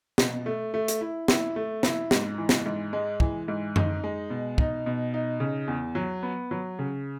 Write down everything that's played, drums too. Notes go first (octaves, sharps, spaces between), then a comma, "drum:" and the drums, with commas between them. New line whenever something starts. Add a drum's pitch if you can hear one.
B2, drum: snare
A3
A3
drum: hi-hat
E4
E4, drum: snare
A3
E4, drum: snare
G#2, drum: snare
E3
drum: snare
G#2
G#3
E3, drum: kick
G#2
D#4, drum: tom F#2
G#3
B2
D#4, drum: kick
B2
D#4
C#3
E2
F#3
B3
F#3
C#3